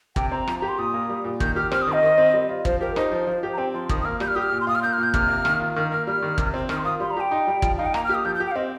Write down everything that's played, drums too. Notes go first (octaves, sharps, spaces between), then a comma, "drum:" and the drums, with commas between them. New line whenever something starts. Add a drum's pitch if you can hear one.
C3 G5, drum: kick
C4 A#5
F3, drum: rim click
G4 A#5
C6
A#2 D#6
A#3
G3
A#2
D#3 G6, drum: kick
G4 F6
C4 F6, drum: rim click
D#6
D#3
D#5
D#3
C4
G3
F4
F3 C5, drum: kick
G4 A#4
D#4 C5, drum: rim click
F3
F3
G4
A#5
C4 G5
F3 C6
D#3 D#6, drum: kick
D#6
A#3 F6
G3 G6, drum: rim click
F6
G4 D#6
F6
A#2
C6
F4 D#6
F6
A#3 G6
F6
A#2
G6
C3 F6, drum: kick
A#3
D#3, drum: rim click
F4
D#3 F6
A#3 F6
G3 F6
D#3
C3, drum: kick
C4
D#3 F6, drum: rim click
C6
F4 D#6
G3 C6
A#5
G4 G5
D#4
G3
F3, drum: kick
D#4 F5
G5
A#3 A#5, drum: rim click
F6
G4
D#6
F3 G6
G6
G4
G5
F5
C4 D#5